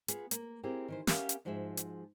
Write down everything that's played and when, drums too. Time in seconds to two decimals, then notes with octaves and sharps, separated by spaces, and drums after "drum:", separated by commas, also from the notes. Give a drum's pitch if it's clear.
0.08 B3 F4 G#4, drum: hi-hat
0.31 A#3, drum: hi-hat
0.63 C4 E4 G4 G#4 A#4
0.88 D#3 E3 C5
1.07 B3 C#4 G4 A#4 E5 F5, drum: snare
1.29 drum: hi-hat
1.45 G#2 F3 F#4 G#4 E5
1.77 drum: hi-hat